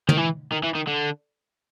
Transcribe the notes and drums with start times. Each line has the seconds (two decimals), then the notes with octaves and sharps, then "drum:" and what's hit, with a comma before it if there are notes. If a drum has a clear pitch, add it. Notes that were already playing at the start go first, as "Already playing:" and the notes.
0.09 D#3, drum: tom
0.17 E3
0.52 D#3
0.63 E3
0.75 D#3
0.87 D3